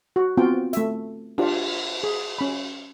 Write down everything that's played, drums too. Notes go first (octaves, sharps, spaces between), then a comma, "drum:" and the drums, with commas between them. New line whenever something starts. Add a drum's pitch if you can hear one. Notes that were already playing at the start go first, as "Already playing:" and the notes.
F#4
B3 C4 F4 F#4 G5
A3 E5, drum: hi-hat
D4 F4 G4, drum: cymbal
G#4
C#4 B5